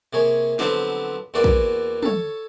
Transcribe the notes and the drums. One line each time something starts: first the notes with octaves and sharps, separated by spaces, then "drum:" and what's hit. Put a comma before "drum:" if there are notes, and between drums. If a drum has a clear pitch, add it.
C3 A#3 G#4 C#5
D3 F3 F#3 B3 C4 G4, drum: snare
E2 E3 A#3 F#4 D5 C6
drum: kick
A4 C#5, drum: tom